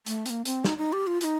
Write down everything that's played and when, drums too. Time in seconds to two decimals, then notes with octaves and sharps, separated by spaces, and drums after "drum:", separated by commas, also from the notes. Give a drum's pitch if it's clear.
0.06 A3, drum: hi-hat
0.26 C4, drum: hi-hat
0.30 A#3
0.45 C4, drum: hi-hat
0.64 D#4, drum: snare
0.78 D#4
0.93 G4
1.07 F4
1.21 F4, drum: hi-hat
1.24 D#4